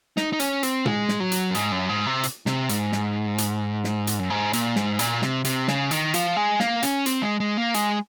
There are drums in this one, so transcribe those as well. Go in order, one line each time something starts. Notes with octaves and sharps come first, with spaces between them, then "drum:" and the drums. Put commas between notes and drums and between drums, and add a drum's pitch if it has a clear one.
D#4, drum: snare
D#4
C#4, drum: hi-hat
C4, drum: hi-hat
G#3, drum: tom
drum: snare
F#3
drum: hi-hat
F#2
G#2, drum: hi-hat
F#2
G#2
C3
drum: hi-hat
C3, drum: snare
G#2, drum: hi-hat
drum: snare
drum: hi-hat
drum: snare
drum: hi-hat
F#2
G#2
A#2, drum: hi-hat
G#2, drum: snare
A#2, drum: hi-hat
C3, drum: snare
C3, drum: hi-hat
C#3, drum: snare
D#3, drum: hi-hat
F3, drum: hi-hat
G#3
A#3, drum: snare
C#4, drum: hi-hat
C4, drum: hi-hat
G#3
G#3
A#3
G#3, drum: hi-hat